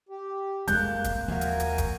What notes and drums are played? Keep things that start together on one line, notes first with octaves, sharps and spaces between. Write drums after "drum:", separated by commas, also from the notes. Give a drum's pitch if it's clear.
G4
F2 G#3 A#3 D4 F#6 G6, drum: hi-hat
drum: kick, hi-hat
D#2 F3 F#4 A#4 E5 F5 G#5
drum: hi-hat
drum: hi-hat
drum: kick, hi-hat